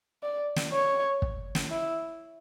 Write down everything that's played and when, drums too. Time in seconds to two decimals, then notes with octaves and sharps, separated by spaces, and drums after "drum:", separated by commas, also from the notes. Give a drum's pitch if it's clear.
0.23 D5
0.56 drum: snare
0.73 C#5
1.22 drum: kick
1.55 drum: snare
1.71 E4